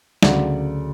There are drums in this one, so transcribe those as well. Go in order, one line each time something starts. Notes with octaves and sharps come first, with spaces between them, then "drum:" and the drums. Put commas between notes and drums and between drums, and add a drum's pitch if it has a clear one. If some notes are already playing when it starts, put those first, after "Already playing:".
D2 C#3 F#3 D5 F#5, drum: snare